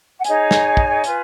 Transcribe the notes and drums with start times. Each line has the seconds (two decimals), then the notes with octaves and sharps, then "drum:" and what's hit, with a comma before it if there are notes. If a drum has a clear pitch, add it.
0.18 F#5
0.24 D#4 G#4 C#5 G#5, drum: hi-hat
0.51 drum: snare
0.77 drum: kick
1.04 F4 B4, drum: hi-hat